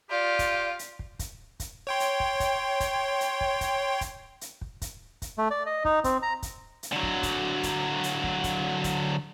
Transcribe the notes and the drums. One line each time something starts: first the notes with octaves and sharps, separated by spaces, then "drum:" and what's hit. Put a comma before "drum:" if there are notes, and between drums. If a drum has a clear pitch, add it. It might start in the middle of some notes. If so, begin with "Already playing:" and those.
F4 G4 D5
drum: kick, hi-hat
drum: hi-hat
drum: kick
drum: kick, hi-hat
drum: kick, hi-hat
C#5 G5 C6
drum: hi-hat
drum: kick
drum: kick, hi-hat
drum: kick, hi-hat
drum: hi-hat
drum: kick
drum: kick, hi-hat
drum: kick, hi-hat
drum: hi-hat
drum: kick
drum: kick, hi-hat
drum: kick, hi-hat
A3
D5
D#5
D#4, drum: kick
C4, drum: kick, hi-hat
A#5
drum: kick, hi-hat
drum: hi-hat
D3 F#3
drum: kick
drum: kick, hi-hat
drum: kick, hi-hat
drum: hi-hat
drum: kick
drum: kick, hi-hat
drum: kick, hi-hat